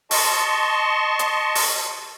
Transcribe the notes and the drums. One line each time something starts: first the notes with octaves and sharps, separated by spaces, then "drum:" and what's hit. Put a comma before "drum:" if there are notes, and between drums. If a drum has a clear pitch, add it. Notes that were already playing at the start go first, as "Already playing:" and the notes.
D#5 A5 C6 C#6, drum: open hi-hat
drum: hi-hat
drum: open hi-hat